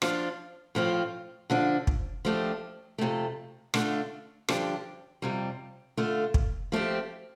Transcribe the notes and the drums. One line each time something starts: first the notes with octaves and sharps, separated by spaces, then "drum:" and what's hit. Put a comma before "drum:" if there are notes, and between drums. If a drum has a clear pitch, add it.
F3 D4 F4, drum: rim click
A2 F3 C4 F4
D3 F3 D4
drum: kick
F3 A3 D4 G4
F2 C3 A3
D3 A3 D4 F4, drum: rim click
G2 D3 F3 D4 G4, drum: rim click
F2 C3 G3
D3 A3 F4
drum: kick
F3 A3 C4 G4